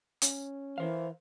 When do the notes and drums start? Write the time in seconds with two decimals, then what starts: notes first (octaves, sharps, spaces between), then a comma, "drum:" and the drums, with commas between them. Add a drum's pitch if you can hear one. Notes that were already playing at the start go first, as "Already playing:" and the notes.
0.22 C#4, drum: hi-hat
0.78 E3 A#4 C5 F5